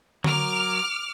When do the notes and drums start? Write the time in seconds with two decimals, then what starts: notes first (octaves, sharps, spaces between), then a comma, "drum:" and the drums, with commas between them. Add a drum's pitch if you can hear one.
0.24 F#3 A#4 D6 F6, drum: tom D3